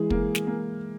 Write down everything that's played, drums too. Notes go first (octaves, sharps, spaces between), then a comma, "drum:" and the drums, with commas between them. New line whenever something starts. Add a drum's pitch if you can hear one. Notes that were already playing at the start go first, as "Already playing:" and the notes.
Already playing: E3 G#3 G#4
A#3, drum: kick
drum: snare
A#3